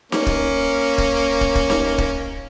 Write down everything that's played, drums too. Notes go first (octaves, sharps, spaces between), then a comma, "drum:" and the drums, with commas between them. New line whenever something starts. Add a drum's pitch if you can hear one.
A#3 C#4, drum: snare D#4
drum: kick
drum: kick
drum: kick
drum: kick
drum: snare D#4
drum: kick